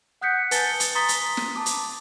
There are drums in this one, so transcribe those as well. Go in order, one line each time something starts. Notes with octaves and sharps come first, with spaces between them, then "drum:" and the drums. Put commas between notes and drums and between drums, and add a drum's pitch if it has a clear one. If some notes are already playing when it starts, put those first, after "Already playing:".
F#5 D#6 F#6 G6 B6 C#7
B4 G#5 A5 A6 C#7 G7, drum: hi-hat
drum: hi-hat
A#5 C6 D#6 A6 B6 G7
drum: hi-hat
drum: snare
A5 D6
drum: hi-hat